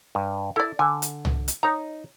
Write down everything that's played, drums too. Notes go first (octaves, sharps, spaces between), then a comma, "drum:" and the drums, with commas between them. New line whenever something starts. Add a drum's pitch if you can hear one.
G2
E4 A4 D5
D3 G#5
drum: hi-hat
drum: tom C2
drum: hi-hat
D#4 C#5 A#5